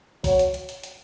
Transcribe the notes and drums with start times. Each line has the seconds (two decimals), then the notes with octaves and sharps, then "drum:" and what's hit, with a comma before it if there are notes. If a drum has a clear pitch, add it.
0.24 F#3, drum: kick, open hi-hat
0.39 drum: hi-hat
0.54 drum: hi-hat
0.69 drum: hi-hat
0.84 drum: hi-hat